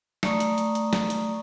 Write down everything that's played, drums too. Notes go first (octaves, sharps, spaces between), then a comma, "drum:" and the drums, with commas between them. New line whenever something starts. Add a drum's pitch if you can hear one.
A3 D5 A#5 C#6 D#6, drum: snare
drum: hi-hat
drum: hi-hat
drum: hi-hat
drum: snare
drum: hi-hat